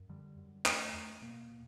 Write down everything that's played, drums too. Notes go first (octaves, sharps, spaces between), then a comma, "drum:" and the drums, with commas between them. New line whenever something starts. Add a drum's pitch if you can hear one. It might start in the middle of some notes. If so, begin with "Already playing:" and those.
Already playing: F#2
D3 G3
F#2
E2 A3, drum: clap
E2
B2 A#3
B2